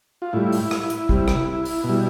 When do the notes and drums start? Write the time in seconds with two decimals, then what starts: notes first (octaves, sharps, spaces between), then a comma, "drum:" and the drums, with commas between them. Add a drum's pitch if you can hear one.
0.22 F4
0.33 A2 G3 E4
0.52 drum: open hi-hat
0.71 drum: rim click
0.90 drum: hi-hat
1.09 C3 G3, drum: kick
1.28 drum: rim click
1.65 drum: open hi-hat
1.84 B2
1.89 G3